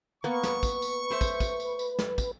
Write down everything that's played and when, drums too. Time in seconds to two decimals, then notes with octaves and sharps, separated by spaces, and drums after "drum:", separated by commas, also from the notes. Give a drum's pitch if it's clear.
0.24 A#3 B3 B4 C#6
0.43 drum: snare
0.63 drum: kick, tambourine
0.82 drum: tambourine
1.10 A3 C5 E5
1.21 drum: kick, tambourine
1.40 drum: kick, tambourine
1.60 drum: tambourine
1.79 drum: tambourine
1.99 drum: snare
2.18 drum: kick, tambourine